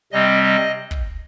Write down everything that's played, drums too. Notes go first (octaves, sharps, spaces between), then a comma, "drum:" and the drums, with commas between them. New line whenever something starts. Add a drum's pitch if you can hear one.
C3 G3 C4 D#5
D#5
drum: kick